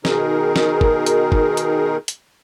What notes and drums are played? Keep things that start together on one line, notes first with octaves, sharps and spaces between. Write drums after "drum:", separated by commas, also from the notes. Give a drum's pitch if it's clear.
B2 D#3 D#4 G#4 A#4, drum: snare
drum: snare
drum: kick
drum: hi-hat
drum: kick
drum: hi-hat
drum: hi-hat